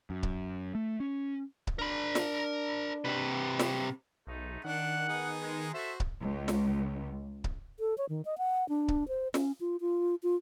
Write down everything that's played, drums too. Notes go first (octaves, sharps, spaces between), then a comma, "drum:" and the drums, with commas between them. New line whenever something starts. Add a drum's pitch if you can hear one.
F#2
drum: kick C#1
A3
C#4
drum: kick C#1
D4 A#4 B5
drum: snare
C3 B4
drum: snare
B1 G#3 A3 D#4
D#3 D4 F#5
B3 D#4 G#4
G#3
F#4 A4 C5 E5
drum: kick C#1
C#2
drum: snare
drum: kick C#1
A4
C#5
D#3
D#5
F#5
D4
drum: kick C#1
C5
C#4, drum: snare
F4
F4
F4